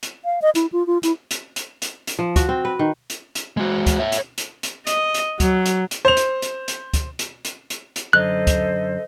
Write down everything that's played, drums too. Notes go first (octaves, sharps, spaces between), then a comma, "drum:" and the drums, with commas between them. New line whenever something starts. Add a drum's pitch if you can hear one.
drum: hi-hat
F5
D#5
E4, drum: hi-hat
F4
F4
E4, drum: hi-hat
drum: hi-hat
drum: hi-hat
drum: hi-hat
drum: hi-hat
F3
F#4, drum: kick, hi-hat
C4
B4
D#3
drum: hi-hat
drum: hi-hat
G#3 F#4
drum: kick, hi-hat
C#5 E5
drum: hi-hat
drum: hi-hat
drum: hi-hat
D#5, drum: hi-hat
drum: hi-hat
F#3, drum: kick, hi-hat
drum: hi-hat
drum: hi-hat
C5 F7
drum: hi-hat
drum: hi-hat
drum: hi-hat
drum: kick, hi-hat
drum: hi-hat
drum: hi-hat
drum: hi-hat
drum: hi-hat
F#2 D3 A4 C5 D#5 F#6
drum: kick, hi-hat